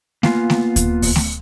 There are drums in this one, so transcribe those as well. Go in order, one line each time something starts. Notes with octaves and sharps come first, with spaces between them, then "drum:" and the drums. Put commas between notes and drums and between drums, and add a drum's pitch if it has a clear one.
A#3 B3 F4 G#5, drum: snare A3
drum: snare A3
drum: kick D2, hi-hat
drum: kick D2, open hi-hat
drum: snare A3